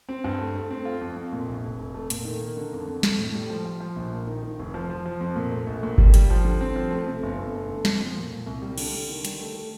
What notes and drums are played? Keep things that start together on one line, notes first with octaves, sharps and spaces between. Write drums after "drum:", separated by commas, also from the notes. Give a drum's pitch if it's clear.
C4
G2
A3
A3
C4
F4
F2
F2
A#2
A#1
F1
F1
A3
A#2, drum: hi-hat
D#3
A#3
D3
F2
F2
A3, drum: snare
A2
G3
F3
F3
F3
A#1
A#3
D#3
D#3
F1
F3
F3
F3
F2
A#2
A3
A#1
A#2
G3, drum: kick G1
G3, drum: hi-hat
F3
D3
C4
F3
A3
C3
G1
G1
A3
D3
F2, drum: snare
F3
A#2
A#2
C2
G3
D3, drum: cymbal
D3
D#3
G3, drum: hi-hat
A3
A3